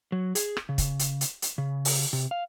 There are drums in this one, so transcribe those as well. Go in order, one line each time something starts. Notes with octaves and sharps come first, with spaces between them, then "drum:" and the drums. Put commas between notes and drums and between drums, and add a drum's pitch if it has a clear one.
F#3
G#4, drum: hi-hat
drum: rim click
C#3
drum: kick, hi-hat
drum: hi-hat
drum: hi-hat
drum: hi-hat
C#3
drum: open hi-hat
C3
F5